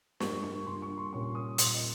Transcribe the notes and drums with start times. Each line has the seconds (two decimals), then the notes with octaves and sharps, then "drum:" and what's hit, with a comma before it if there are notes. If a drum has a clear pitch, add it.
0.20 G2 G3 A#3 F4 C#6, drum: snare
0.43 C#6
0.67 G2 G3 A#3 F4 C6
0.82 C#6
0.98 C6
1.12 A#2 G3 C#4 F4 C#6
1.35 D#6
1.58 A#2 G3 C#4 F4 C6, drum: hi-hat
1.74 D#5